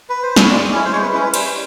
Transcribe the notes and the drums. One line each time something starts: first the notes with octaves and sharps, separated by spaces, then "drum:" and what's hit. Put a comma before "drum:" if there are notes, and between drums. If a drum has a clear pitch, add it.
B4
C5
C#5, drum: snare
G#3 D5
C#4 E4
C5
G#3 C#5
B4
C#4 E4 B4
B4
G3 C5, drum: cymbal